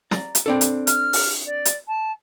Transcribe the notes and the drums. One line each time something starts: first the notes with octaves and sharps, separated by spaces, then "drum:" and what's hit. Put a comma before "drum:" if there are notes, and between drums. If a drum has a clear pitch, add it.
D5 A#5, drum: snare
drum: hi-hat
C4 D4 A4
drum: hi-hat
F6, drum: hi-hat
drum: open hi-hat
D5
drum: hi-hat
A5